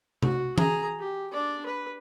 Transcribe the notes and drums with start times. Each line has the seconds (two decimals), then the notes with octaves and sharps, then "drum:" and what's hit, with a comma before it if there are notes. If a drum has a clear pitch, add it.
0.23 F#4, drum: tom C3
0.58 G#4 A#5, drum: tom E3
0.99 G4
1.32 D4 D5
1.66 B4